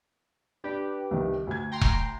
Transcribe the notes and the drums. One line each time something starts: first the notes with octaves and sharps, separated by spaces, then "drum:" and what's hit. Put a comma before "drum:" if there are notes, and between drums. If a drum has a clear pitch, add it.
D4 G4 B4
C2 D#3
D2 G#6
G5 A#5 C6
drum: kick E1